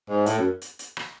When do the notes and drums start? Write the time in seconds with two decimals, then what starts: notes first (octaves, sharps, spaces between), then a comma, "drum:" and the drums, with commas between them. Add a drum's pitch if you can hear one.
0.09 G#2
0.26 A2, drum: hi-hat
0.38 F#2
0.62 drum: hi-hat
0.79 drum: hi-hat
0.97 drum: rim click